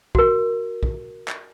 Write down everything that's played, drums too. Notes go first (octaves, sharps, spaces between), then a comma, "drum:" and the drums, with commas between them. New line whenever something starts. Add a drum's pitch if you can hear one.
F#4 A#4, drum: kick
drum: kick
drum: clap